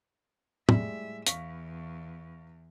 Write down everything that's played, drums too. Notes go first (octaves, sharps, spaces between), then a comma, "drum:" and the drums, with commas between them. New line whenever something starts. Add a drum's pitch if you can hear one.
A2 G3 G#3 E5, drum: tom
E2 F5 C#6 B6, drum: hi-hat